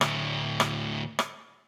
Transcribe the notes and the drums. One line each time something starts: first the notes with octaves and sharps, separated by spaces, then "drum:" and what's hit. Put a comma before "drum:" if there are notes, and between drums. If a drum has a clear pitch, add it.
D2 A2, drum: rim click
drum: rim click
drum: rim click